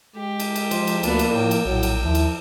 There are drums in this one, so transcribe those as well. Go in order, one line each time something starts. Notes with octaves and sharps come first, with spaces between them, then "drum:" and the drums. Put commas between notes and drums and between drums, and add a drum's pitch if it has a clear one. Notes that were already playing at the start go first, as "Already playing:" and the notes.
G#3 G4
drum: cymbal
drum: cymbal
F3 C5, drum: cymbal
drum: cymbal
D2 A#3 B3 D4, drum: cymbal
drum: cymbal
A2 G5
drum: cymbal
A#1 A2 F#3
drum: cymbal
D#2 F3 E4
drum: cymbal